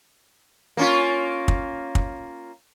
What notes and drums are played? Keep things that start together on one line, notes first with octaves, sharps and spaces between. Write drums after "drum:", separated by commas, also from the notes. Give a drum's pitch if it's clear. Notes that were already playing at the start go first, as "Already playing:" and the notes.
A#3 C#4 F4
drum: kick
drum: kick